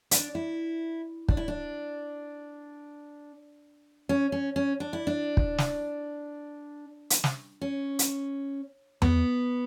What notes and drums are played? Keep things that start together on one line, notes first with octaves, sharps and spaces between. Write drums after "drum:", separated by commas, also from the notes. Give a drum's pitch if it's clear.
D4, drum: hi-hat
E4
D4, drum: kick
E4
D4
C#4
C#4
C#4
D4
E4
D4
drum: kick
drum: snare
drum: hi-hat
drum: snare
C#4
drum: hi-hat
B3, drum: tom E2